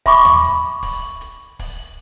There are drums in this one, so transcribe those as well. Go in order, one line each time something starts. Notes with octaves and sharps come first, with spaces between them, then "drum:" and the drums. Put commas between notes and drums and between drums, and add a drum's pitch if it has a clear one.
E5 B5 C#6 D6, drum: kick, open hi-hat
drum: tom D#2
drum: hi-hat
drum: kick, open hi-hat
drum: hi-hat
drum: kick, open hi-hat